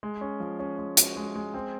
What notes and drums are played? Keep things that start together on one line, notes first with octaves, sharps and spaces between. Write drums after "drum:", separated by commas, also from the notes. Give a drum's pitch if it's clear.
G#3
C#4
F3
C#4
G#3
F#4, drum: hi-hat
G#3
G#3
C4